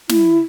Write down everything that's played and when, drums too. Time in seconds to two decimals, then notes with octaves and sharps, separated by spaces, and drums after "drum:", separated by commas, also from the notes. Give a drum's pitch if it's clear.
0.09 E4, drum: snare